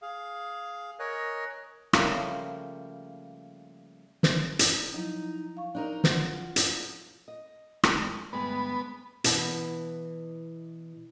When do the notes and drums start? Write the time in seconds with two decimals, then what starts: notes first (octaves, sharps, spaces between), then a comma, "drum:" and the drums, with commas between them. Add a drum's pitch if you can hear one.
0.02 G#4 F5
0.99 A#4 C#5 D#5 G#5 F#6
1.93 C#3 F3 G3 A3 A#3, drum: rim click
4.23 drum: snare
4.59 drum: hi-hat
4.94 F3 F#3 D#4 E4
5.57 F5 C#6
5.75 D4 D#4 A#4
6.04 F4 F#4, drum: snare
6.56 drum: hi-hat
7.28 D#5
7.83 G2 G#3, drum: rim click
8.33 D2 G2 G#3 B3
9.24 B2 E3 E4 F#5 A5, drum: hi-hat